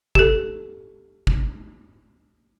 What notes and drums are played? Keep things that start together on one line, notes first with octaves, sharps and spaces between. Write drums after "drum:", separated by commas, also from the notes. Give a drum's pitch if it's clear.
G4 A4, drum: kick
drum: kick